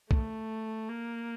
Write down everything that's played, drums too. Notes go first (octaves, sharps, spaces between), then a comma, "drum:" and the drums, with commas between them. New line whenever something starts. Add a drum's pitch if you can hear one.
A3, drum: kick
A#3